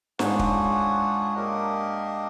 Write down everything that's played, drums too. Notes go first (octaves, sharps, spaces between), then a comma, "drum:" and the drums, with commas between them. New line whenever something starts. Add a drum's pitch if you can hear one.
G#2 D4 F4 G#4 C#5 F#5, drum: snare
drum: kick
A#3 D4 G4 A#4 D#5